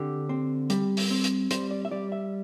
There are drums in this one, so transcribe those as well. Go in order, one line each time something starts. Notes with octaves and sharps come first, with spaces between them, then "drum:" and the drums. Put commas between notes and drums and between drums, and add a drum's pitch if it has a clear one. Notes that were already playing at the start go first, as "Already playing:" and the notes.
Already playing: D3 C4 G4
C4
G3, drum: hi-hat
drum: open hi-hat
C4
drum: hi-hat
G3 C5, drum: hi-hat
D5
E5
G3 D5
E5